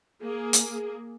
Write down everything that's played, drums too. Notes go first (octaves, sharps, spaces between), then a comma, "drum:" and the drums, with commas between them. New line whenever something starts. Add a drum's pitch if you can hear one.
A#3 G#4
drum: hi-hat